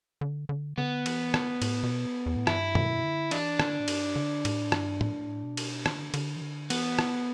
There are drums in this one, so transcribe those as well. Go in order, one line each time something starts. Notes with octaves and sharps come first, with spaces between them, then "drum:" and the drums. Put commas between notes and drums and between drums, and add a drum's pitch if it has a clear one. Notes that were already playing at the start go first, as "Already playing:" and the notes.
D3
D3
D3 B3
E3, drum: cymbal
drum: rim click
A2, drum: cymbal
B2
E2
A2
G2 E4, drum: rim click
B2, drum: tom
D3
E3 D4, drum: cymbal
D3, drum: rim click
A2
G2, drum: cymbal
D3
A2, drum: cymbal
G2, drum: rim click
A2, drum: tom A2
B2
drum: cymbal
D3, drum: rim click
D3, drum: cymbal
E3
D3
E3 B3, drum: cymbal
drum: rim click